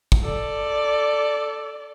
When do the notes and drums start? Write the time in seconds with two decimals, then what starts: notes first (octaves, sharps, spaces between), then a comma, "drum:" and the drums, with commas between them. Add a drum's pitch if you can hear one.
0.12 drum: kick
0.23 A4 D5